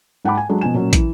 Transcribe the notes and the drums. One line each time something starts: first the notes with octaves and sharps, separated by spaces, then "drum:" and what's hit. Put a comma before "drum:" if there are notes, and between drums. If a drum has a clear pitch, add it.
G#2 F#5 G5 A5 B5 D6
G#5
F#3 G#3 D4
B2 F3 G#5 E7
A#2 F#3 C#4
E3, drum: kick, hi-hat